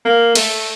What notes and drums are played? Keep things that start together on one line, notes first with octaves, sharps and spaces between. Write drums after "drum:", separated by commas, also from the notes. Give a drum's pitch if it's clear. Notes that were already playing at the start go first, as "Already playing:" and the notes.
A#3
A3, drum: cymbal